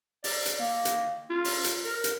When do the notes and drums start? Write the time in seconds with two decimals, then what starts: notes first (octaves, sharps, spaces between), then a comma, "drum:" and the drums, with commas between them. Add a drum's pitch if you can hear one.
0.24 D5, drum: open hi-hat
0.46 drum: hi-hat
0.59 A#3
0.85 drum: hi-hat
1.30 F4
1.45 drum: open hi-hat
1.64 drum: hi-hat
1.84 A#4
2.04 drum: hi-hat